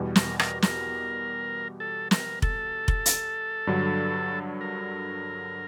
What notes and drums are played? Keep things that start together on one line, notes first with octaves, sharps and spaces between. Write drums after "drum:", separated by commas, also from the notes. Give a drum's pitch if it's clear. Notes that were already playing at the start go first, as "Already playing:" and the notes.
Already playing: E2 B2 G3
A#4, drum: snare
A#4, drum: rim click
A#4, drum: snare
A4
A#4, drum: snare
A4, drum: kick F1
drum: kick F1
drum: hi-hat
G2 D3 F#3
A#4